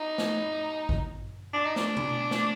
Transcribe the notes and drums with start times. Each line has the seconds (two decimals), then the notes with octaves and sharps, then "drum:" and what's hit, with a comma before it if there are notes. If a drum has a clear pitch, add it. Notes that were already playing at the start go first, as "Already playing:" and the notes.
Already playing: D#4
0.18 drum: snare
0.89 drum: kick G#1
1.53 D4
1.65 D#4
1.76 D4, drum: snare
1.97 drum: tom B2
2.31 drum: snare